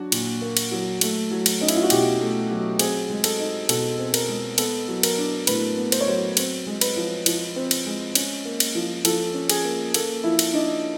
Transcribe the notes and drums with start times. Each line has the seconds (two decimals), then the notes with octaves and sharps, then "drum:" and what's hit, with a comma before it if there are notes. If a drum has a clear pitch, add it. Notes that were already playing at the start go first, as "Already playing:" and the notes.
Already playing: F#3 D4 F#4
0.12 A#2, drum: cymbal
0.42 A#3
0.57 drum: cymbal
0.72 F#3
1.01 A3, drum: cymbal
1.31 F#3
1.46 drum: cymbal
1.61 C#4 D#4
1.68 E4, drum: cymbal
1.76 F4
1.83 F#4
1.90 B2 G4, drum: cymbal
2.20 A3
2.50 F#3
2.79 C4 G#4, drum: cymbal
3.10 G#3
3.24 A4, drum: cymbal
3.40 D#4
3.69 B2 A4, drum: cymbal
3.99 C4
4.14 A#4, drum: cymbal
4.29 G#3
4.58 B3 A4, drum: cymbal
4.88 F#3
5.03 A#4, drum: cymbal
5.18 D4
5.47 A2 B4, drum: cymbal
5.77 B3
5.92 C5, drum: cymbal
6.01 C#5
6.07 F#3 C5
6.37 C4, drum: cymbal
6.67 G#3
6.81 B4, drum: cymbal
6.96 F3
7.26 F3, drum: cymbal
7.56 C4
7.71 drum: cymbal
7.86 G#3
8.15 C#4, drum: cymbal
8.45 A#3
8.60 drum: cymbal
8.75 F3
9.05 F3 A4, drum: cymbal
9.34 C#4
9.49 G#4, drum: cymbal
9.65 A#3
9.94 A#3 A4, drum: cymbal
10.24 F3 E4
10.39 drum: cymbal
10.54 D4 D#4